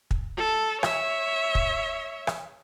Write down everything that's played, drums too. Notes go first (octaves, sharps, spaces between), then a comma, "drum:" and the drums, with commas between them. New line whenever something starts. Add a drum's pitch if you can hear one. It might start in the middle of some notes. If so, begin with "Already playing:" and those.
drum: kick
A4
C#5 E5, drum: rim click
drum: kick
drum: rim click